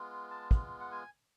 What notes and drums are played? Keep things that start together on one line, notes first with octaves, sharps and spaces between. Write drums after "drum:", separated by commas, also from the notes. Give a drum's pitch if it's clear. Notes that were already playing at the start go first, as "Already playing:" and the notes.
Already playing: G#3 B3 F4
A5
drum: kick
F#5
G#5